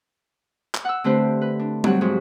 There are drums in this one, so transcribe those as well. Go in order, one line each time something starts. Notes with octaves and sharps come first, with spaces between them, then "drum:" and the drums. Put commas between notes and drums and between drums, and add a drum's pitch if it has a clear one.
drum: clap
F#5 E6
D3 A3 C4 G4 B4 C5
B4
D4
F#3 G3 C4 G4 F#5, drum: tom G3
G#2 F3 F#3 F#4